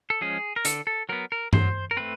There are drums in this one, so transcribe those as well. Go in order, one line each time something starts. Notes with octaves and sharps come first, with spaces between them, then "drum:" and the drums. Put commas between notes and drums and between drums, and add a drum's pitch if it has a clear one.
A4
F3 G#3 C#4 G#4
A#4
D3 A4, drum: hi-hat
A4
F#3 B3 A#4
A#4
F#3 C5, drum: tom G2
A#4
A3 C4 B4